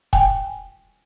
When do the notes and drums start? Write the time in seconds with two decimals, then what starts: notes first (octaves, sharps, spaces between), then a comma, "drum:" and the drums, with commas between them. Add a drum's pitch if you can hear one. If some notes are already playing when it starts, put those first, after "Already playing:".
0.13 G5 G#5, drum: kick E1